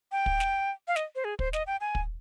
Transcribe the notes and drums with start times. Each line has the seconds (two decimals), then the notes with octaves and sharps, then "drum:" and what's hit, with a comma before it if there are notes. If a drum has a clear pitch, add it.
0.12 G5
0.26 drum: kick
0.40 drum: snare
0.88 F5
0.96 D#5, drum: snare
1.15 C5
1.25 G#4
1.39 C5, drum: kick
1.53 D#5, drum: snare
1.67 G5
1.81 G#5
1.95 drum: kick